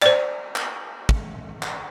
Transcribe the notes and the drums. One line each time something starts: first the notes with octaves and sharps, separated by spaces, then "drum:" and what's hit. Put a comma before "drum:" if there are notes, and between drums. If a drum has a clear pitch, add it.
C5 D5, drum: clap
drum: clap
drum: kick
drum: clap